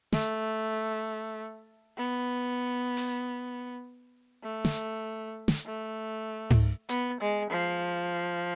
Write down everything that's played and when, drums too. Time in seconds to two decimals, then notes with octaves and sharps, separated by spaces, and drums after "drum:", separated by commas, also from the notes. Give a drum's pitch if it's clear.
0.12 A3, drum: snare
1.98 B3
2.97 drum: open hi-hat
4.43 A3
4.65 drum: snare
5.48 drum: snare
5.66 A3
6.50 drum: tom G#2
6.89 B3, drum: hi-hat
7.21 G#3
7.51 F3